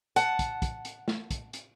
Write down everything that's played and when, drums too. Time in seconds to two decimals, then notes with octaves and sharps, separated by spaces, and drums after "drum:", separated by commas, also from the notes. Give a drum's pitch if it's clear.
0.16 F#5 A5, drum: hi-hat
0.39 drum: kick, hi-hat
0.62 drum: kick, hi-hat
0.85 drum: hi-hat
1.08 drum: snare
1.31 drum: kick, hi-hat
1.53 drum: hi-hat